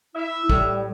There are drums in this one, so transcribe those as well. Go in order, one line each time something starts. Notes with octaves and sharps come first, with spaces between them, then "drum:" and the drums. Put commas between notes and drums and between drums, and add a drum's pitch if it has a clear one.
E4 E5
A2 G3, drum: kick